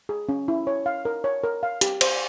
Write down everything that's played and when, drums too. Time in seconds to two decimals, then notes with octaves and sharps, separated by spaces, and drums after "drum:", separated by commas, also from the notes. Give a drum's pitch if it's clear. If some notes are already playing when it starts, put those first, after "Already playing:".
0.09 G#4
0.29 C#4
0.48 E4
0.67 C#5
0.86 F5
1.05 A#4
1.24 C#5
1.44 A#4
1.63 F5
1.81 G4, drum: hi-hat
2.01 C5, drum: cymbal